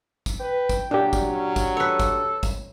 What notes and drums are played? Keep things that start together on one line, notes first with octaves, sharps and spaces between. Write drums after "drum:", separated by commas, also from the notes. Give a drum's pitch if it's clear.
drum: kick, tambourine
B4 G5
drum: kick, tambourine
A#2 F#3 D4 G4
drum: kick, tambourine
C#4
drum: kick, tambourine
A4 B4 C#5
drum: kick, tambourine
drum: kick, tambourine